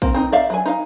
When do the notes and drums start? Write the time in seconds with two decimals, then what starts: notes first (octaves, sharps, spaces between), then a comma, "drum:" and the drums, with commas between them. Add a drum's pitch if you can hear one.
0.02 A#3 C4, drum: kick
0.14 C4 D#4
0.32 D5 E5 F5
0.50 F#3 G#5
0.65 D#4 F5